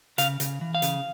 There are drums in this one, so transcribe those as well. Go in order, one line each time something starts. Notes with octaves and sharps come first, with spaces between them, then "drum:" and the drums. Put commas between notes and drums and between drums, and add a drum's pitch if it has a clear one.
C#3 F5, drum: hi-hat
C#3, drum: hi-hat
E3
F5
C#3, drum: hi-hat